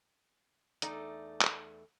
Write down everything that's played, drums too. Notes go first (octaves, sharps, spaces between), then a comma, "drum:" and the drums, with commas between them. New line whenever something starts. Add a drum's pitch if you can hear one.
E2 A3 D#4 D5, drum: hi-hat
drum: clap